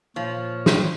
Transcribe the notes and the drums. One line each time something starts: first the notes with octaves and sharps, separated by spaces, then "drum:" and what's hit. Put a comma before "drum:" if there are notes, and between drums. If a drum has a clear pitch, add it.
A#2 F3 C#5
drum: snare